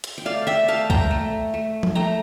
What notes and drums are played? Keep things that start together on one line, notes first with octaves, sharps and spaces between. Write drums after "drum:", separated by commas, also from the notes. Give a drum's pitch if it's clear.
drum: hi-hat
G5
A3 D5 F5
E5 G5
A3 F5 A5
G5 A#5, drum: kick
A3
A3
drum: tom F3
A3 G5 A#5